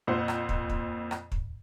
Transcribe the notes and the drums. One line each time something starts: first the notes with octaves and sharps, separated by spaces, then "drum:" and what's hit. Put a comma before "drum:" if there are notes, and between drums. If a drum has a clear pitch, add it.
F2 A#2 C5 F#5
drum: rim click
drum: kick
drum: kick
drum: rim click
drum: kick